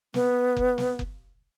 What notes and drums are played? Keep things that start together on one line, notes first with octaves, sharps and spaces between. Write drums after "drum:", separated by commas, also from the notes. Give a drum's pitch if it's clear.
B3, drum: snare
drum: kick F#1
drum: snare
drum: kick F#1